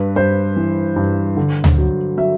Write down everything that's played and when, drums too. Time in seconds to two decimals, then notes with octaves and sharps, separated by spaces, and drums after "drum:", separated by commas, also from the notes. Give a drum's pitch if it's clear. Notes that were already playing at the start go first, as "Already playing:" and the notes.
Already playing: G2 B4
0.16 G2 C5
0.56 E3
0.96 G2
1.37 D3
1.64 drum: tom D2
1.78 F#3
2.17 F#3 E5